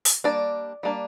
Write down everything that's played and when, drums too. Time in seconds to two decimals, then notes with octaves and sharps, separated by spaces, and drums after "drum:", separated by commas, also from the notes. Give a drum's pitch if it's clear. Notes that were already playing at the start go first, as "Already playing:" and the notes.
0.05 drum: open hi-hat
0.24 G3 A#3 D4 D5
0.83 G3 A#3 D4